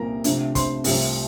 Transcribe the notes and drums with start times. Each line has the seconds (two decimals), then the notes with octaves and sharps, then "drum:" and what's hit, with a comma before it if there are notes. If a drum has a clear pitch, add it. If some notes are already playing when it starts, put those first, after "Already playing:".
Already playing: C2 A#2 F3 C4 A#4 C5 A#5
0.24 C3 F3 A3 D4, drum: hi-hat
0.55 C5 C6, drum: kick, hi-hat
0.84 C2 C3 F3 A3, drum: open hi-hat